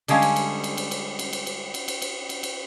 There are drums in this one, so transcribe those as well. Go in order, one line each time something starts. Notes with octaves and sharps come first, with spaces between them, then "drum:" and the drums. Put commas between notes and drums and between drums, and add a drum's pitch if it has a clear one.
D3 G3 G#3 C#4 F5, drum: cymbal
drum: cymbal
drum: cymbal
drum: cymbal
drum: cymbal
drum: cymbal
drum: cymbal
drum: cymbal
drum: cymbal
drum: cymbal
drum: cymbal
drum: cymbal
drum: cymbal
drum: cymbal